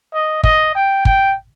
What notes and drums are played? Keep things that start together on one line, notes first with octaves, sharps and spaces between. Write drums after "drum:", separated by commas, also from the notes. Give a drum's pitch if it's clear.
D#5
D#5, drum: kick
G5
G5, drum: kick